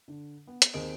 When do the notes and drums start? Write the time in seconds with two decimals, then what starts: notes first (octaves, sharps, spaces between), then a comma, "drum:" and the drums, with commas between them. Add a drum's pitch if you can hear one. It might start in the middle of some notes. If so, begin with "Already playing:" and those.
0.08 D3
0.47 B3
0.62 drum: hi-hat
0.74 D#2 C4 G#4 D#5 D7